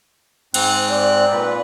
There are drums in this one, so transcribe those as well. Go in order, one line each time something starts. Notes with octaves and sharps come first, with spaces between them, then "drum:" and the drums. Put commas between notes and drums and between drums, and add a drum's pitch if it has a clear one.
G#2 C4 F#6, drum: cymbal
D5
A#2 B4